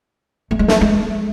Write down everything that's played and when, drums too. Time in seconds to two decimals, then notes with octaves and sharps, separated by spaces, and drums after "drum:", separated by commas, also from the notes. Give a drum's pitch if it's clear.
0.51 A3
0.59 G#3
0.68 A3, drum: snare
0.81 G#3